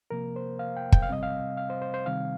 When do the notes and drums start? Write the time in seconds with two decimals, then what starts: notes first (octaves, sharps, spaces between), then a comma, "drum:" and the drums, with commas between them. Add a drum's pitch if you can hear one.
0.11 C3 F3 A#3 A#4
0.36 C5
0.59 F5
0.77 G5
0.92 G5, drum: kick
1.03 F5
1.09 C3 G3 C4 D#5
1.23 F5
1.57 F5
1.70 C5
1.81 C5
1.94 C5
2.06 C3 D#3 G3 C4 F5